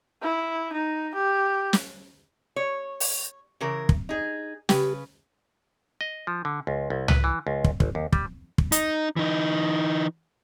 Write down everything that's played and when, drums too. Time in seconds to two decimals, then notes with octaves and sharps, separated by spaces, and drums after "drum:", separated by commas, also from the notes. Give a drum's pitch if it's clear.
0.21 E4
0.72 D#4
1.14 G4
1.73 drum: snare
2.56 C#5
3.00 drum: open hi-hat
3.61 C#3 E3 A#4
3.89 drum: kick
4.09 D#4 G#4
4.69 C#3 G4 B4, drum: snare
6.01 D#5
6.27 F3
6.45 D3
6.67 C#2
6.90 C2
7.08 B4, drum: tom
7.24 E3
7.47 C#2
7.64 drum: kick
7.80 G#1, drum: kick
7.95 D#2
8.13 G3, drum: kick
8.58 drum: kick
8.72 D#4, drum: hi-hat
9.16 E3 D#4